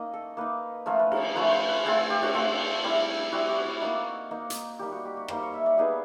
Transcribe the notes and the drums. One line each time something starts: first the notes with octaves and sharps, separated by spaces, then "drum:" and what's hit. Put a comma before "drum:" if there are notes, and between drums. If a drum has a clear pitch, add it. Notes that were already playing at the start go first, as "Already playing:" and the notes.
Already playing: A#3 C#4 D#4 D#5
A4
A#3 D#4 B4
F3 A3 C#4 F4 A#4
B4
A#4, drum: cymbal
A#4
F3 A3 C#4 F4 B4
C5
B4
A3 C4 F4 G#4
A4
G4
F#4, drum: cymbal
A3 C4 F4
G3 C4 E4
G3 C4 E4 F#4
G4
F#4
A#3 D#4 F#4
A#3 D#4
drum: hi-hat
G3 A#3 D#4 G4
F#4
G4
F#4
G3 A#3 D#4 C5, drum: rim click
C#5
E5
D5
G3 B3 D#4 G#4